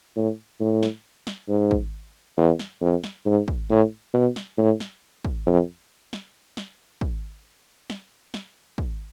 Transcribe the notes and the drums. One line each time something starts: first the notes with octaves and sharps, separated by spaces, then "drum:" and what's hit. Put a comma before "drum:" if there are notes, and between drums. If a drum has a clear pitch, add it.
A2
A2
drum: snare
drum: snare
G#2
drum: kick
E2
drum: snare
F2
drum: snare
G#2
drum: kick
A2
B2
drum: snare
A2
drum: snare
drum: kick
F2
drum: snare
drum: snare
drum: kick
drum: snare
drum: snare
drum: kick